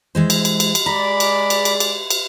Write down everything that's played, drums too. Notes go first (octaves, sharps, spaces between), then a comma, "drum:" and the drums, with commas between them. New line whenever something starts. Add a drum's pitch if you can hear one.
E3 G#3 C5
drum: cymbal
drum: cymbal
drum: cymbal
drum: cymbal
G#3 D5 A#5 B5
drum: cymbal
drum: cymbal
drum: cymbal
drum: cymbal
drum: cymbal